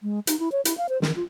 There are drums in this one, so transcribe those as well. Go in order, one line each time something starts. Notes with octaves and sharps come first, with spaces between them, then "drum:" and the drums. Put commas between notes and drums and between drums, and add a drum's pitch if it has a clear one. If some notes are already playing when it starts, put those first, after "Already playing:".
G#3
D#4, drum: hi-hat
E4
C#5
E4, drum: hi-hat
F5
C5
D#3, drum: snare
F4